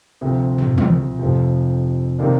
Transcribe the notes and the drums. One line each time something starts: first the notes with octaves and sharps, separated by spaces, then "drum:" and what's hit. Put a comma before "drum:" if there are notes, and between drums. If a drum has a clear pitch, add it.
D2 C3 F3 C4
drum: tom
drum: tom
F1 F2 C3 F3
C3 D#3 A#3 D4